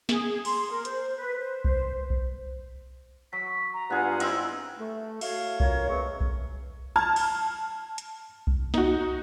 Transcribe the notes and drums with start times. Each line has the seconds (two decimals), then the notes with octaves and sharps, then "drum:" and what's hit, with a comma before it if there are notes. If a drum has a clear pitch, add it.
0.09 G#4, drum: snare
0.45 C6, drum: cymbal
0.71 A#4
0.85 C5, drum: hi-hat
1.16 B4
1.40 C5
1.65 C5, drum: kick B1
2.10 drum: kick B1
3.33 F#3 B6
3.74 A#5
3.90 G2 B3 F4 G#4 F#5
4.20 C4 D#4 E4 E6, drum: cymbal
4.79 A3
5.21 A3 E4 F#4 C#5 F5, drum: cymbal
5.60 C#4 F4 A#4 C#5, drum: kick B1
5.89 B2 G#3 A3 C4 B4 C#6
6.21 drum: kick B1
6.96 A5 F6 G#6
7.16 drum: cymbal
7.98 drum: hi-hat
8.47 drum: kick B1
8.74 D#4 F#4, drum: snare